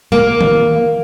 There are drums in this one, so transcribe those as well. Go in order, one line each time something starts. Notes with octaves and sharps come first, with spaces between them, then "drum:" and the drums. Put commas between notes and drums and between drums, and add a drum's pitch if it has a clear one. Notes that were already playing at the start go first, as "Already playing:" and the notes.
A#3
drum: tom D#3